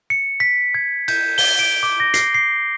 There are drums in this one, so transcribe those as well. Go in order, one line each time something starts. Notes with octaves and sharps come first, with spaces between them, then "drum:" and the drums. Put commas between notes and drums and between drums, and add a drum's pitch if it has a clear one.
C#7
B6
G#6
G6, drum: cymbal
G7, drum: open hi-hat
D7
D6
A#6
C7, drum: hi-hat
C7